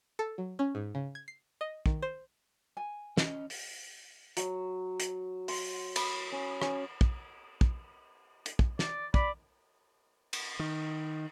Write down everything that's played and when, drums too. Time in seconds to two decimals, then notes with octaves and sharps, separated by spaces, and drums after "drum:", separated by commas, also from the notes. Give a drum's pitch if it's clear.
0.19 A4
0.38 F#3
0.59 C#4
0.75 G#2
0.95 C#3
1.15 G#6
1.28 C7
1.61 D#5
1.86 D#3, drum: kick
2.02 C5
2.77 G#5
3.17 C#4 D#5, drum: snare
3.50 drum: open hi-hat
4.37 F#3, drum: hi-hat
5.00 drum: hi-hat
5.48 C6, drum: open hi-hat
5.96 B5, drum: cymbal
6.32 C#4
6.62 C#4, drum: rim click
7.01 drum: kick
7.61 drum: kick
8.46 drum: hi-hat
8.59 drum: kick
8.79 D5, drum: snare
9.14 D5 B5, drum: kick
10.33 drum: cymbal
10.59 D#3